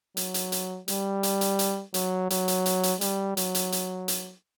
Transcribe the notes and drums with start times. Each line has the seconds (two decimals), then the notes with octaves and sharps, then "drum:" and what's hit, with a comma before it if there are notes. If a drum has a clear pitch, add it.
0.17 F#3, drum: hi-hat
0.34 drum: hi-hat
0.52 drum: hi-hat
0.88 G3, drum: hi-hat
1.23 drum: hi-hat
1.41 drum: hi-hat
1.59 drum: hi-hat
1.94 F#3, drum: hi-hat
2.30 F#3, drum: hi-hat
2.48 drum: hi-hat
2.66 drum: hi-hat
2.83 drum: hi-hat
3.01 G3, drum: hi-hat
3.37 F#3, drum: hi-hat
3.55 drum: hi-hat
3.72 drum: hi-hat
4.08 drum: hi-hat